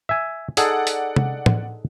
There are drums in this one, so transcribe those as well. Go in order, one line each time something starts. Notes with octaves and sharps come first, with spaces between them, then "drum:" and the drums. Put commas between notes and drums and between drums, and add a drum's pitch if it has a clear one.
E5 G#5
D#4 G#4 A4 D5 F#5, drum: hi-hat
drum: hi-hat
drum: tom
drum: tom